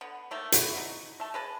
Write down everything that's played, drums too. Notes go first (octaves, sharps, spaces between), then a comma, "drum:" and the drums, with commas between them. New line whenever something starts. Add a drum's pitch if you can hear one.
D3 B3
D#3 A3 A#3
E4 F#4, drum: hi-hat
D#4
A3 A5
G#3 B4 A5